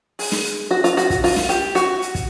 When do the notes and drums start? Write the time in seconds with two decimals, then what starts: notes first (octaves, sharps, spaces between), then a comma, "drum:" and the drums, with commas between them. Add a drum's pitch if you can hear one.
0.19 G#4, drum: open hi-hat
0.32 drum: snare
0.45 drum: hi-hat
0.71 F#4
0.84 F4, drum: hi-hat
0.97 F#4, drum: hi-hat
1.10 drum: kick, hi-hat
1.24 F4, drum: open hi-hat
1.36 drum: snare
1.49 G4, drum: hi-hat
1.75 F#4, drum: hi-hat
2.02 drum: hi-hat
2.15 drum: kick, hi-hat